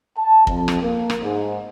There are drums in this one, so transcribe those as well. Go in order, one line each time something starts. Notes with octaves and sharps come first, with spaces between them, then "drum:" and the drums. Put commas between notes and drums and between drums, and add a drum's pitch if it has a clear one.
A5
F2, drum: kick
drum: rim click
A#3
drum: rim click
G#2